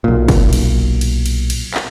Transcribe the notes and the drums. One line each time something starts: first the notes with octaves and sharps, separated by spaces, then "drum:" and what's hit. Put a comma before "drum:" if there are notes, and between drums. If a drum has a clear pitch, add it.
B1 A#2
drum: kick, cymbal
drum: cymbal
drum: cymbal
drum: cymbal
drum: cymbal
drum: clap